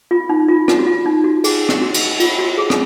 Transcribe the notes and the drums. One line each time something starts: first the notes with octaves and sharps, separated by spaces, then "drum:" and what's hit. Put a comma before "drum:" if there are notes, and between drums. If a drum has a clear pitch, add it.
F4
D#4
F4
F4, drum: rim click
F#4
F4
D#4
F#4
G#4, drum: cymbal
drum: rim click
F#4
drum: cymbal
F4, drum: cymbal
F#4
G#4
drum: rim click